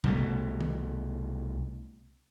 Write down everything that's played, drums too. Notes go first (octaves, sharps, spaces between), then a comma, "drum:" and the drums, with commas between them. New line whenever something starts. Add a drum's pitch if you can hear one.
C2 B2 G3 A3, drum: tom C3
drum: tom D#3